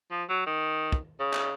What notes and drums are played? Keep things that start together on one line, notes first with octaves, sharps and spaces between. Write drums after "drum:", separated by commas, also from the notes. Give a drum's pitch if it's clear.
F3
F#3
D#3
drum: kick
C#3
drum: clap